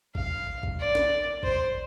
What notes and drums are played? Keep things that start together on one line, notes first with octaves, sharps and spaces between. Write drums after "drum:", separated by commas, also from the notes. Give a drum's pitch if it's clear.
F5, drum: kick A1
drum: kick A1
D5
drum: snare
C5, drum: kick A1